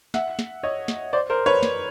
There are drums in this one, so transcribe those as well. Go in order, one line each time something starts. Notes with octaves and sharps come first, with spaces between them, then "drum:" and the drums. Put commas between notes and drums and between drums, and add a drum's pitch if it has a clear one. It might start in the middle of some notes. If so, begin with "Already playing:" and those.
E5 F#5, drum: snare
drum: snare
C#5 D#5
drum: snare
C5 D5
A#4 C5
B4 C#5
drum: snare